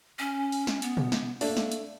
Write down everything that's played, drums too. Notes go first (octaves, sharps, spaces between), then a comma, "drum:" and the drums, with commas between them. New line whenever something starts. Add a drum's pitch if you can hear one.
C#4
drum: open hi-hat
drum: snare
B3, drum: hi-hat
drum: tom A#2
drum: snare
A3 A#3 D4, drum: open hi-hat
drum: snare
drum: hi-hat